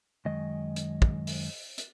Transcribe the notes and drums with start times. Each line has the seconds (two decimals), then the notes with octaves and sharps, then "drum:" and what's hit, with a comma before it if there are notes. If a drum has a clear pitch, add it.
0.25 F#2 D#3 G#3 D#5
0.76 drum: hi-hat
1.02 drum: kick
1.27 drum: open hi-hat
1.78 drum: hi-hat